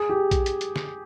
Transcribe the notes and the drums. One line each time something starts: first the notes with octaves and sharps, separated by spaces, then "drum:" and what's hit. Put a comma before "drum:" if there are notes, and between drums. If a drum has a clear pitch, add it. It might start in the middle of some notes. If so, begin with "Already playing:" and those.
Already playing: G#4
G4
drum: kick A#1, hi-hat
drum: hi-hat
drum: hi-hat
drum: snare